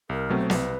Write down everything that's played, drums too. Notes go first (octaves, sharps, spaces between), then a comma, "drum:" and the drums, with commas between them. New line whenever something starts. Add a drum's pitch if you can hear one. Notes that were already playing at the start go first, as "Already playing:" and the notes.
C2 A#4
B2 F#3 A3 C4
C5
C2 B4, drum: snare